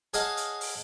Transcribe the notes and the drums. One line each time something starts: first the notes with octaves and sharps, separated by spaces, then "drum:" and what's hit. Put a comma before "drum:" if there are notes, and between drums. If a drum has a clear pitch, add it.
G#4 C#5 D#5 F5 F#5 A5, drum: hi-hat
drum: hi-hat
drum: open hi-hat